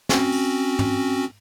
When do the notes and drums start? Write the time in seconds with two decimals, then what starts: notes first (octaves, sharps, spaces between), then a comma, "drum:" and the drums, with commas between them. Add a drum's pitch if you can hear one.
0.09 C4 C#4 F#4, drum: snare
0.32 drum: open hi-hat
0.79 drum: tom